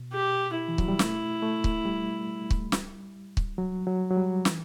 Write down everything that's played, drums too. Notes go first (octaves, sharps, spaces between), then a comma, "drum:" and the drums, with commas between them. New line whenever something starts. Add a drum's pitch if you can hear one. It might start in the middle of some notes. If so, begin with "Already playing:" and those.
Already playing: B2
G4
E4
E3
F#3, drum: kick C#1
G3
A3, drum: snare
A3
drum: kick C#1
G3
drum: kick C#1
drum: snare
drum: kick C#1
F#3
F#3
F#3
G3
E3, drum: snare